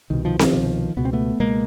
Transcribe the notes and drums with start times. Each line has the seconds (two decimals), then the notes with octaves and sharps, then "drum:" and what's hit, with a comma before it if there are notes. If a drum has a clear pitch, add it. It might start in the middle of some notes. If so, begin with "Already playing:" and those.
0.10 C2 B2 D#3
0.25 D#3 F3
0.39 D#3 F3, drum: snare C4
0.53 C2 B2
0.97 C#2 B2 B3
1.05 C4
1.13 A3 B3
1.40 C#2 B2 G#3 A#3